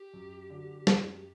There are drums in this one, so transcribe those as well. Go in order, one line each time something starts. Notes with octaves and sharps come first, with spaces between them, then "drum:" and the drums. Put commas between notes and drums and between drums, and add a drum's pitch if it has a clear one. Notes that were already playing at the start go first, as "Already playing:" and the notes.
Already playing: G4
F#2
D3 F#3
F#2, drum: snare